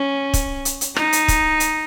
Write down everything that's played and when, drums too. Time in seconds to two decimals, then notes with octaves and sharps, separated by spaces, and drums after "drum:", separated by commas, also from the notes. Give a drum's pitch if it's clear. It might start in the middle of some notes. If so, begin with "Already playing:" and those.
Already playing: C#4
0.34 drum: kick, hi-hat
0.65 drum: hi-hat
0.81 drum: hi-hat
0.96 D#4, drum: rim click
1.13 drum: hi-hat
1.28 drum: kick, hi-hat
1.60 drum: hi-hat